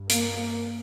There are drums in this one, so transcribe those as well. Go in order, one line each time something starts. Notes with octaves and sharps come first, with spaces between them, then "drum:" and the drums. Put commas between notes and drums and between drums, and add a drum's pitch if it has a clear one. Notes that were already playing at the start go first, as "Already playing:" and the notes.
Already playing: G2
A#3, drum: hi-hat